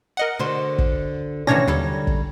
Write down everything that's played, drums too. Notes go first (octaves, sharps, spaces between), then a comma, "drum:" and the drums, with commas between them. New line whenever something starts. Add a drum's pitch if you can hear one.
A#4 D#5 F#5
D3 F#4 C5
drum: kick
A2 C3 D#3 E3 C#4 D4 C#5 A#6
D#2 D3 F#3 G3 A4
drum: kick